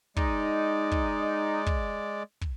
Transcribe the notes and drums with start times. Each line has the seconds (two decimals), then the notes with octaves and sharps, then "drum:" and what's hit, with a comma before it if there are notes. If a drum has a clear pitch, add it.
0.16 G#3 D#4 D5, drum: kick
0.91 drum: kick
1.66 drum: kick
2.41 drum: kick